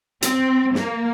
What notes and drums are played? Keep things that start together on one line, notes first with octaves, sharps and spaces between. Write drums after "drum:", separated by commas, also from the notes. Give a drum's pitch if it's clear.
C4, drum: hi-hat
A#3, drum: snare